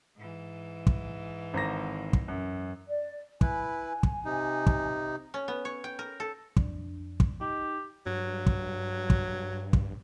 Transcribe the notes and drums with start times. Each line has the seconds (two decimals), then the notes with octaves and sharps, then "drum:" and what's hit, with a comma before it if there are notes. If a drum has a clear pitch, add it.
0.17 G#2 E3
0.87 drum: kick
1.54 G#1 A#5 A#6
2.13 drum: kick
2.28 F#2
2.88 D5
3.41 E4 B4 G#5, drum: kick
4.03 drum: kick
4.25 C3 D#4
4.67 drum: kick
5.34 C#4
5.48 B3
5.65 C#5
5.84 G5
5.99 A#4
6.20 A4
6.57 F2 D4, drum: kick
7.20 drum: kick
7.41 D#4 G4
8.06 G2 F#3
8.47 drum: kick
9.10 drum: kick
9.73 drum: kick